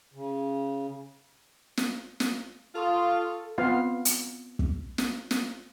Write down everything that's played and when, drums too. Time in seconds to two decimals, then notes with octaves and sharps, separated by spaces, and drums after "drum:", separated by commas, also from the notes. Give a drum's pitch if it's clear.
0.14 C#3
1.77 drum: snare
2.20 drum: snare
2.75 F4 A4 F5 C#6 D#6
3.58 B3 C4 F4 F5
4.05 drum: hi-hat
4.59 drum: kick
4.98 drum: snare
5.31 drum: snare